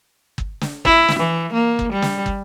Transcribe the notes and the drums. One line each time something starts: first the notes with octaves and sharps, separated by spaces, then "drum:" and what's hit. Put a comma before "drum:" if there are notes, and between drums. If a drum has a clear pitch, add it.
drum: kick
drum: snare
E4, drum: kick
drum: snare
E3
A#3
drum: kick
G3
drum: snare
drum: kick